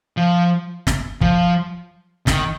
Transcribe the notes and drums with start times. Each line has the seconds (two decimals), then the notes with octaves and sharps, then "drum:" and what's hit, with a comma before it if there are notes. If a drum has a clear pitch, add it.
0.17 F3
0.87 drum: snare
1.21 F3, drum: kick
2.27 D#3, drum: snare